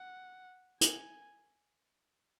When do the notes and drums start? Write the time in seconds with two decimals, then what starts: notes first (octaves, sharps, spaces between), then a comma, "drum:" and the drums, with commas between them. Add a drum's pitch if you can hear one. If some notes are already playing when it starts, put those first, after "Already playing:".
Already playing: F#5
0.81 G#5, drum: hi-hat